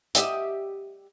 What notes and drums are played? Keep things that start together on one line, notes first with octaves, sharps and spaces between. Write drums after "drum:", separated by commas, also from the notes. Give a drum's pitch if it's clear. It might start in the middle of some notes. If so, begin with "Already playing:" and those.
G4 D#5 E5, drum: hi-hat